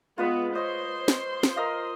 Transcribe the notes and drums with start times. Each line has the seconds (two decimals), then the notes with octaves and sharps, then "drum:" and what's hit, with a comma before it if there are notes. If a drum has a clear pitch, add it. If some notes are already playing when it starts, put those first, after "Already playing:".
0.18 G#3 B3 F4 B4 D#5
0.55 C5 C#5 D#5 C6
1.08 drum: snare
1.43 drum: snare
1.56 A#4 D#5 F5